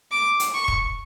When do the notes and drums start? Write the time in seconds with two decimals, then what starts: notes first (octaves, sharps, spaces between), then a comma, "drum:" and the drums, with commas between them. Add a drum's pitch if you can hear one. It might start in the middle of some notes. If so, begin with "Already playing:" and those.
0.11 D6
0.40 drum: hi-hat
0.54 C#6
0.68 drum: kick